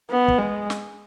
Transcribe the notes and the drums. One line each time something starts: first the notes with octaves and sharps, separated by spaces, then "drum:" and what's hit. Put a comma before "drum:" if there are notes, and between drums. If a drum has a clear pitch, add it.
B3
drum: kick
G#3
drum: snare